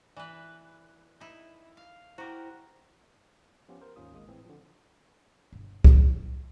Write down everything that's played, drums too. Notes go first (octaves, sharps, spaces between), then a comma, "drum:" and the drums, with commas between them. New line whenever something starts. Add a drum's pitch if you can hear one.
E3 B4 D5
D#4 E4
F5
E4 F#4 G4 A#4 C5 A#5
F3 B3 C#4 F4 G4
A#4 C5
D#2 G#2 A#3 C#4 F4 D#6
G#1 G#3 A#3 D#6
A2 E3 C4
D3 F3
G1 B2
drum: kick C2